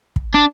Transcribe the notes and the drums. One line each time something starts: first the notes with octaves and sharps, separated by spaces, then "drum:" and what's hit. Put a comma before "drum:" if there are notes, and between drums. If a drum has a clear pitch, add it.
drum: kick
D4